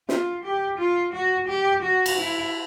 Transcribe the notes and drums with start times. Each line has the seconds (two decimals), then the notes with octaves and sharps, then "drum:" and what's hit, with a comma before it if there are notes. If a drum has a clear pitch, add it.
0.09 F4, drum: snare
0.44 G4
0.78 F4
1.13 F#4
1.48 G4
1.82 F#4
2.06 drum: cymbal
2.18 E4